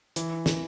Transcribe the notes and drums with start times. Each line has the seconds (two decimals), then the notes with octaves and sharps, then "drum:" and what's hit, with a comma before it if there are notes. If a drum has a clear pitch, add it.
0.16 E3, drum: hi-hat
0.46 drum: snare